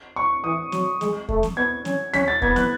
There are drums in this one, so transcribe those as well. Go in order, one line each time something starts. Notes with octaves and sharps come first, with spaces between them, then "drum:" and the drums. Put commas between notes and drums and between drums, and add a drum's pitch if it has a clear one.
C#6
E3 D#6
F#3, drum: snare
G#3, drum: snare
A3, drum: kick
drum: snare
B3 G#6
C#4, drum: snare
C#4 B6, drum: snare
A6
B3 G#6, drum: kick
F#6, drum: snare